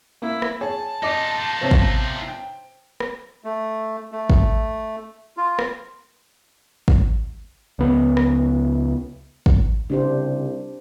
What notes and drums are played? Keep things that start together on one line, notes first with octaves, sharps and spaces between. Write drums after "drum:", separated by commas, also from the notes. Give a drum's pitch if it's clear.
A#3 E4
drum: rim click
G#4 C#5 A5
D#4 F4 D#5 D6
C3 B3 C5 C#5
drum: kick
G5
drum: rim click
A3
A3
drum: kick
F4
drum: rim click
drum: kick
C#2 B3
drum: rim click
drum: kick
C2 C#3 D4 D#4 G4 C5